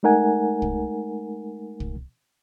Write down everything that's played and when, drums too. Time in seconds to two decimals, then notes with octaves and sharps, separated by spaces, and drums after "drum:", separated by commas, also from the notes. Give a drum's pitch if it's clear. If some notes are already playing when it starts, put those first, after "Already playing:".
0.03 G#3 A3 D#4 A#4 F#5 G#5
0.62 drum: kick
1.80 drum: kick